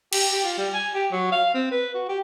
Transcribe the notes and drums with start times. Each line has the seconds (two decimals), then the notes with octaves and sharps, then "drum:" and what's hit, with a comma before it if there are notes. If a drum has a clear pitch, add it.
0.13 G4, drum: cymbal
0.31 G4
0.44 F4
0.58 G3
0.74 G#5
0.95 G4
1.12 F#3
1.32 F5
1.54 C4
1.71 B4
1.95 F#4
2.09 G4